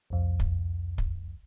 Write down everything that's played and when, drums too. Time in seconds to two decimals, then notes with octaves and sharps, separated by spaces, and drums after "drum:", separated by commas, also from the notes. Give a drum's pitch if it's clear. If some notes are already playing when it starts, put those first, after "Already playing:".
0.10 C2 F2
0.40 drum: kick
0.98 drum: kick